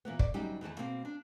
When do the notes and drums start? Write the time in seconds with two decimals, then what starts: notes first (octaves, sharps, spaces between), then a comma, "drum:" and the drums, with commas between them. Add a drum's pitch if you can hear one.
0.05 A#2 E3 A#3 B3
0.19 D5, drum: kick
0.34 D2 F#3 G3 C#4 D#4 G4
0.61 E2 D#3 E3 A5
0.79 B2 A#3 C4
1.05 D4